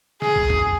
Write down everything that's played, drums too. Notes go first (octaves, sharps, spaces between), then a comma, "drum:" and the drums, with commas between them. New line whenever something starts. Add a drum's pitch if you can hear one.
G#4, drum: snare
drum: kick A#1
drum: tom E2